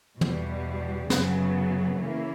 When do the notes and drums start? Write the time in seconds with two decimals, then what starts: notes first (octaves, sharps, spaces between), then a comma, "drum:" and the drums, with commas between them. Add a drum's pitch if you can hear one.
0.21 E2 B2 G3, drum: tom
1.10 F#2 C#3 F#3 B3, drum: snare
1.99 C#3 E3 A#3 C#4 E4